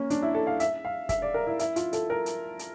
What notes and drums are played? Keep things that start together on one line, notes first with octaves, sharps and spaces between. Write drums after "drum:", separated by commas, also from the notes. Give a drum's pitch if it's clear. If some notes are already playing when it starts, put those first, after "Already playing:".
Already playing: A#3 C#4
D4, drum: hi-hat
E4
A4
F5
E5, drum: hi-hat
F5
E5, drum: kick, hi-hat
D5
A#4
E4
E4, drum: hi-hat
F4, drum: hi-hat
A4, drum: hi-hat
A#4
drum: hi-hat
drum: hi-hat